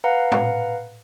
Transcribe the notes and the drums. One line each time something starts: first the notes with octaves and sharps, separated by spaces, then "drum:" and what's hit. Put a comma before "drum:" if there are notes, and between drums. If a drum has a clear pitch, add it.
B4 F5 F#5 A#5
drum: tom